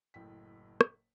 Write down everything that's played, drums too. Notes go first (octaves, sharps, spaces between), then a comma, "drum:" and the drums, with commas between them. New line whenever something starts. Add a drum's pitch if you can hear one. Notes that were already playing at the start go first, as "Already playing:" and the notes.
F#1 A2 G5 B6
drum: rim click